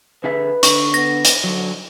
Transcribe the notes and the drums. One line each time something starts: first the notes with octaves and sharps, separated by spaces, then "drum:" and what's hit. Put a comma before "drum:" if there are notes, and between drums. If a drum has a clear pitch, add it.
D3 G#4 B4 E5
D3 D4 C#6, drum: hi-hat
B3 A#6
drum: hi-hat
D3 F#3